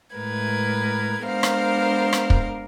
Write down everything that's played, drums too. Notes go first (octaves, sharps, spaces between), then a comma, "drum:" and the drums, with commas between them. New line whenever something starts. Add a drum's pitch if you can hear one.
A2 G#3 A#4 B4 G#6
G#3 B3 D4 A#4 C5 F5
drum: rim click
drum: rim click
drum: kick